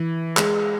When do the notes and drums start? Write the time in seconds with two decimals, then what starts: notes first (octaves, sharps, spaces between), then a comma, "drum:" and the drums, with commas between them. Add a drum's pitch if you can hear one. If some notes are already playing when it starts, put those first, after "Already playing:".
Already playing: E3
0.37 G#3, drum: clap